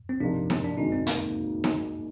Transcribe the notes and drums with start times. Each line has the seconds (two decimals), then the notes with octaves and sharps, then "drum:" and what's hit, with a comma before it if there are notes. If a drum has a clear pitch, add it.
0.09 C4
0.20 C3 F3 A#3 D4 D#4 G4
0.50 C4, drum: snare D#4
0.64 D4
0.77 D2 C3 D#3 G#3 D4 D#4
0.92 C4
1.07 A#3, drum: hi-hat
1.64 drum: snare D#4